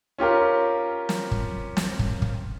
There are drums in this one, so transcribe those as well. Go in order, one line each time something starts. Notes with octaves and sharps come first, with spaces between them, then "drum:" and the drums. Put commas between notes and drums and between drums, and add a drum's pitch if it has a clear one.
C#4 F4 G4 A#4
drum: snare
drum: kick
drum: snare
drum: kick
drum: kick